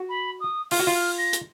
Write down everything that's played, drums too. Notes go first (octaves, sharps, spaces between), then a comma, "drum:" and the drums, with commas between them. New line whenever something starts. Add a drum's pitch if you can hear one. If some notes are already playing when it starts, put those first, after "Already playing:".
Already playing: F#4
B5
D#6
F4 F6, drum: open hi-hat
F#4
F4
F6
A#6
drum: hi-hat